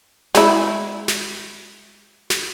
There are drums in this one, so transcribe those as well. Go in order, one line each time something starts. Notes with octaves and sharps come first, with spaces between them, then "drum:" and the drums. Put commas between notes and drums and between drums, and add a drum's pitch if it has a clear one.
G#3 E4, drum: snare
drum: snare
drum: snare